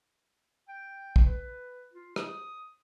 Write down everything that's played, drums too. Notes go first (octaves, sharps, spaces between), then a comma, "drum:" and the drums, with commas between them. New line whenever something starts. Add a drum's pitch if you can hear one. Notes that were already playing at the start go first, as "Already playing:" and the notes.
G5
drum: kick
B4
F4
D#6, drum: rim click